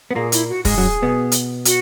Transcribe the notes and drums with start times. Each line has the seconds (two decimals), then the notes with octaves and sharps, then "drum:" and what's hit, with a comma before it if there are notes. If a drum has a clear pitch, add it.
0.11 B3
0.15 A#2 A#3 G#4
0.32 E4, drum: hi-hat
0.49 F#4
0.65 G#2 G#3 G#4, drum: kick, open hi-hat
0.78 F#2 F#3
1.02 B2 B3
1.32 drum: hi-hat
1.65 F#4, drum: hi-hat